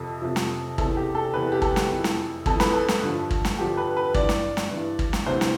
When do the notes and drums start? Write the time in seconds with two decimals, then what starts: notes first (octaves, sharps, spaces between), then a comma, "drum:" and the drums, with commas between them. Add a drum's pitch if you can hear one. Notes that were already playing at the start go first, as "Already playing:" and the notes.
Already playing: F2 C3 F3 A4
0.22 F2 C3 F3
0.36 drum: snare
0.78 E2 C3 E3 A4, drum: kick
0.97 G4
1.15 A4
1.34 E2 C3 E3 B4
1.52 G4
1.62 A4, drum: kick
1.76 drum: snare
1.90 F2 E3
2.04 drum: snare
2.46 F2 E3 A4, drum: kick
2.60 B4, drum: snare
2.73 A4
2.88 drum: snare
3.02 G2 D3 F3
3.31 drum: kick
3.45 drum: snare
3.58 G2 D3 F3 G4
3.77 B4
3.97 B4
4.14 G2 E3 D5, drum: kick
4.29 drum: snare
4.57 drum: snare
4.71 G2 E3
4.99 drum: kick
5.13 drum: snare
5.26 D2 C3 E3 C5
5.41 drum: snare